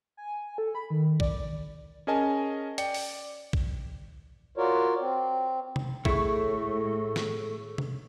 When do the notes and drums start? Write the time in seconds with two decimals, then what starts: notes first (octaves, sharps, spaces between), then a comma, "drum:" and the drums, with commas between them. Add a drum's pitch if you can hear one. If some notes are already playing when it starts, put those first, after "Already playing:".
0.17 G#5
0.58 A4
0.75 B5
0.90 D#3
1.20 D5, drum: kick
2.07 C#4 G#4 A#4 D#5 G#5 A5
2.78 D5 G5 C#7, drum: hi-hat
2.94 drum: open hi-hat
3.53 drum: kick
4.57 F4 F#4 A#4 C#5 D5
5.01 C4
5.76 drum: tom C3
6.05 A2 A3 E4 G#4 A4 C#6, drum: kick
7.16 drum: snare
7.78 drum: tom C3